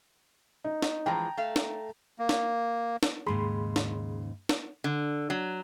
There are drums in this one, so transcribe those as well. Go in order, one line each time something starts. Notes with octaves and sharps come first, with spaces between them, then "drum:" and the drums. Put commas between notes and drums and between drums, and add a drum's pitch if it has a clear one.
D#4
drum: snare
E3 F3 G#3 G5 A5 A#5
A3 F5
drum: snare
A#3
drum: snare
drum: snare
D#2 G#2 C#3 G#4 B5 C6
drum: snare
drum: snare
D3
F#3